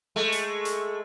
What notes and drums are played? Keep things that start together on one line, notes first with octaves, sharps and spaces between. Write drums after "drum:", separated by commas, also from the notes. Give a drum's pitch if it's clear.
G#3 A3
drum: hi-hat
drum: hi-hat